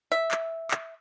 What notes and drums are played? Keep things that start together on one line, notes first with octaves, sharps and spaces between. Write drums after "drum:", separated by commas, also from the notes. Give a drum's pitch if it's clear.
E5
drum: clap
drum: clap